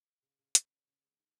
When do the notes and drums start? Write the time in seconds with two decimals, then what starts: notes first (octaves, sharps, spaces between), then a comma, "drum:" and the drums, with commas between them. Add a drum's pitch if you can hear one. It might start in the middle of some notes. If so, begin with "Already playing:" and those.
0.23 C#3
0.39 C#3
0.55 C#3, drum: hi-hat
0.71 C#4
0.87 C#3
1.03 G#3
1.18 D#4